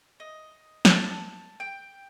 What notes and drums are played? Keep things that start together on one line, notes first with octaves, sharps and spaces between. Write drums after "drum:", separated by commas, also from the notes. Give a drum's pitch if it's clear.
D#5
G5, drum: snare
A5
G5